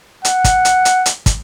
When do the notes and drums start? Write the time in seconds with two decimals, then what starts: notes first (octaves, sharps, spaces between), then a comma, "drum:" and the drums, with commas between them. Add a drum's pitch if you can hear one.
0.25 F#5, drum: hi-hat
0.44 drum: kick, hi-hat
0.65 drum: hi-hat
0.85 drum: hi-hat
1.06 drum: hi-hat
1.26 drum: kick, hi-hat